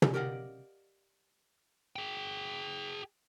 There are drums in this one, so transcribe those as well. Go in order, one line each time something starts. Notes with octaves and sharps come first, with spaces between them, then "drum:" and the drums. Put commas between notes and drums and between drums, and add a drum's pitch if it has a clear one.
drum: tom
G4 A#4 D5 D#5 F5 F#5
G#4 G5